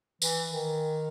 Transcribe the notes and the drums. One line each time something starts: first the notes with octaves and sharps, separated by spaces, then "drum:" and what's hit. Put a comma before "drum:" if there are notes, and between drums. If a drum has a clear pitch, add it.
E3, drum: tambourine
D#3